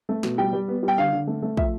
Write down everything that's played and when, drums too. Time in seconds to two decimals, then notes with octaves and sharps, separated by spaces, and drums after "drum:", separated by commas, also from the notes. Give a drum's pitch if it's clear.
0.09 A3
0.23 B2, drum: snare
0.38 G3 G5
0.53 G3
0.68 B3
0.83 G3
0.88 G5
0.98 D3 F5
1.13 D3
1.27 A3
1.42 A3
1.57 F3 E5, drum: kick